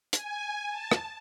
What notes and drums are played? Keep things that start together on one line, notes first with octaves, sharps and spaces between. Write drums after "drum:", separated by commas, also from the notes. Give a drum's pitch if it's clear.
G#5, drum: hi-hat
A5
drum: rim click